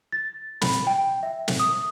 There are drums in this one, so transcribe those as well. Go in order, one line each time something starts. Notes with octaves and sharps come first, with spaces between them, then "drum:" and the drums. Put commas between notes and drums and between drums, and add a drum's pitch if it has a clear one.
A6
B5, drum: snare
G5
E5
drum: snare
D#6